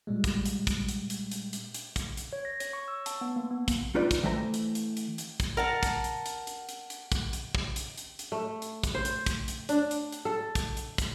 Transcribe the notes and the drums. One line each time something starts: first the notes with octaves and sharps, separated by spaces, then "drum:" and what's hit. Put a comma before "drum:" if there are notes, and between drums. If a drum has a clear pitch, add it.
A#2 G3 G#3
drum: kick, hi-hat
drum: hi-hat
drum: kick, hi-hat
drum: hi-hat
drum: hi-hat
drum: hi-hat
drum: hi-hat
drum: hi-hat
drum: kick, hi-hat
drum: hi-hat
C#5
A#6
C#5, drum: hi-hat
C#6
E6
A5, drum: hi-hat
B3
A#3
B3
drum: kick, hi-hat
D#4 F4 B4 C5 D5 D#5
drum: kick, hi-hat
E3 A3 C5 A5 A#5
drum: hi-hat
drum: hi-hat
drum: hi-hat
drum: hi-hat
drum: kick, hi-hat
A#4 F#5 A5
drum: kick, hi-hat
drum: hi-hat
drum: hi-hat
drum: hi-hat
drum: hi-hat
drum: hi-hat
drum: kick, hi-hat
drum: hi-hat
drum: kick
drum: hi-hat
drum: hi-hat
drum: hi-hat
A3
drum: hi-hat
drum: kick, hi-hat
C5
drum: hi-hat
drum: kick, hi-hat
drum: hi-hat
D4, drum: hi-hat
drum: hi-hat
drum: hi-hat
A4
drum: kick, hi-hat
drum: hi-hat
drum: kick, hi-hat